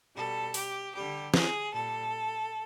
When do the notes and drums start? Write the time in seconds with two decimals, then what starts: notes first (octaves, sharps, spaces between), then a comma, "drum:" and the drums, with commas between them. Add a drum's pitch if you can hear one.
0.15 B2 G3 A4
0.54 G4, drum: open hi-hat
0.94 D3 G3 G4
1.34 G#4, drum: snare
1.73 A#2 G3 A4